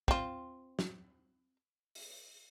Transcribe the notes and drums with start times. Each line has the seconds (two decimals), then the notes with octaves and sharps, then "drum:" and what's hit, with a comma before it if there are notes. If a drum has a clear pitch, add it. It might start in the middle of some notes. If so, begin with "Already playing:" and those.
0.08 C4 F4, drum: kick
0.79 drum: snare
1.95 drum: open hi-hat